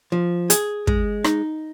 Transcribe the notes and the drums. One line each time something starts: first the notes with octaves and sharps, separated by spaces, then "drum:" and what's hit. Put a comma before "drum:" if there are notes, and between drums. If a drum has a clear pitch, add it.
F3
G#4, drum: hi-hat
G#3, drum: kick
D#4, drum: rim click